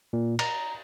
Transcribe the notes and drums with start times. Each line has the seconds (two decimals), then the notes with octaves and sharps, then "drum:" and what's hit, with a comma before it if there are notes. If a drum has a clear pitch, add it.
0.13 A#2
0.39 A#5, drum: cymbal